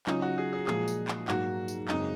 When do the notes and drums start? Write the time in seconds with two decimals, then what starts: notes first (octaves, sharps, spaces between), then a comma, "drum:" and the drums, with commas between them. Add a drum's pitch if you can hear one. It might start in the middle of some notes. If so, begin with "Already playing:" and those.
0.07 C#3 F#3 C#4 D#4 F4, drum: clap
0.22 F#4
0.38 G#4
0.53 G#4
0.67 A#2 F3 G#3 G#4, drum: clap
0.88 drum: tambourine
1.08 drum: clap
1.28 G#2 F#3 A#3 F#4, drum: clap
1.68 drum: tambourine
1.88 F#2 C#3 G#3 C4 D#4, drum: clap